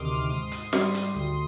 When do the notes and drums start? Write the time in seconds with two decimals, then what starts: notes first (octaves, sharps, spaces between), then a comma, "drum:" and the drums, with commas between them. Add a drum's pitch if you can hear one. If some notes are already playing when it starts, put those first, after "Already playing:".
Already playing: D2 C3 D#3 C6 D6 D#6 F6
0.30 G#2 C6 D#6
0.51 drum: hi-hat
0.73 G3, drum: snare
0.94 drum: hi-hat
1.15 D2 C6 D#6